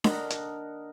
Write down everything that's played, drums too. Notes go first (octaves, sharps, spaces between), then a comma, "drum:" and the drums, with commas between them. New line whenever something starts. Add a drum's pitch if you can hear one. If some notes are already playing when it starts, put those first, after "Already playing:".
D4 A#4 D#5 F#5, drum: snare D4
drum: hi-hat